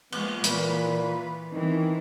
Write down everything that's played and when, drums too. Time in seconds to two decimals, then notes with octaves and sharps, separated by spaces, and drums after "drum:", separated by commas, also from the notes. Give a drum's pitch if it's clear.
0.12 F3 G#3 A#3 B3, drum: cymbal
0.44 A#2 E3 B4, drum: hi-hat
1.53 D#3 E3 C4